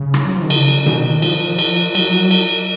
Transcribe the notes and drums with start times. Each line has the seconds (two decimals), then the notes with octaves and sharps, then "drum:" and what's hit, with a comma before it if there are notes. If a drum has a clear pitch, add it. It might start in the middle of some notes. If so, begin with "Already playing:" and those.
Already playing: C#3
0.14 drum: rim click
0.25 F#3
0.34 F3
0.42 D#3
0.50 C#3, drum: cymbal
0.86 D#3, drum: tom B2
1.22 F3, drum: cymbal
1.58 drum: cymbal
1.95 F#3, drum: cymbal
2.31 drum: cymbal